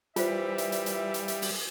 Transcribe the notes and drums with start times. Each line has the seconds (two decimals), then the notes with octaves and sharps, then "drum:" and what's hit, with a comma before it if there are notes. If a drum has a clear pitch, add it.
0.16 A#2 E3 G3 F4 C5 E5, drum: hi-hat
0.58 drum: hi-hat
0.72 drum: hi-hat
0.86 drum: hi-hat
1.14 drum: hi-hat
1.28 drum: hi-hat
1.42 drum: open hi-hat